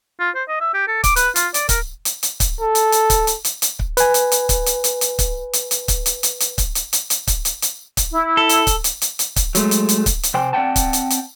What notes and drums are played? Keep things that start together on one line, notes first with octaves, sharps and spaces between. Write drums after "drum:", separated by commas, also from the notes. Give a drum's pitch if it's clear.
F4
C5
D#5
E5
G4
A4
D6, drum: kick C#1, hi-hat
B4, drum: hi-hat
F4, drum: hi-hat
D5, drum: hi-hat
A#4, drum: kick C#1, hi-hat
drum: hi-hat
drum: hi-hat
drum: kick C#1, hi-hat
A4
drum: hi-hat
drum: hi-hat
drum: kick C#1, hi-hat
drum: hi-hat
drum: hi-hat
drum: hi-hat
drum: kick C#1
B4 G#5, drum: hi-hat
drum: hi-hat
drum: hi-hat
drum: kick C#1, hi-hat
drum: hi-hat
drum: hi-hat
drum: hi-hat
drum: kick C#1, hi-hat
drum: hi-hat
drum: hi-hat
drum: kick C#1, hi-hat
drum: hi-hat
drum: hi-hat
drum: hi-hat
drum: kick C#1, hi-hat
drum: hi-hat
drum: hi-hat
drum: hi-hat
drum: kick C#1, hi-hat
drum: hi-hat
drum: hi-hat
drum: kick C#1, hi-hat
E4
A4
drum: hi-hat
drum: kick C#1, hi-hat
drum: hi-hat
drum: hi-hat
drum: hi-hat
drum: kick C#1, hi-hat
F#3 G#3 A3, drum: hi-hat
drum: hi-hat
drum: hi-hat
drum: kick C#1, hi-hat
drum: hi-hat
C3 C5 G5 G#5
C4 D5 E5 F#5 G5 A5
drum: kick C#1, hi-hat
drum: hi-hat
drum: hi-hat